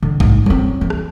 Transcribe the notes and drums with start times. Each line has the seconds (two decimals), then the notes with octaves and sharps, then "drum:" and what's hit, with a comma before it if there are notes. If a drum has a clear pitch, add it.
0.03 D3
0.20 G#2, drum: kick A1
0.46 F#3 C4
0.81 E3
0.90 drum: rim click